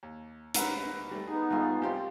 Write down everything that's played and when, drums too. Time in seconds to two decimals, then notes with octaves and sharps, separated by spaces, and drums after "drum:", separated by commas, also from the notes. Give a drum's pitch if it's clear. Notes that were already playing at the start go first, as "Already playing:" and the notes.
0.03 D#2
0.54 C#2 A#4 B4 F#5 E6, drum: hi-hat
1.11 G3 A3
1.27 B3 D#4 G#4
1.50 G2 G#3 A3 F4 G#4
1.82 C2 F4 G4 A#4 C5 F5 C6